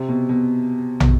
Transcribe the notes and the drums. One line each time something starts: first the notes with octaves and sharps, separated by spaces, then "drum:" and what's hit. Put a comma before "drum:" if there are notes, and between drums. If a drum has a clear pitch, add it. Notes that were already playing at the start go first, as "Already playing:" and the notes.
Already playing: C3
B2
B2
B2, drum: tom